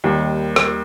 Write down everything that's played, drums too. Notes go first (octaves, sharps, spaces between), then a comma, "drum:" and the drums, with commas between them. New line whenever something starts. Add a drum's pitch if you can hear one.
D#2 D#3 G3
drum: rim click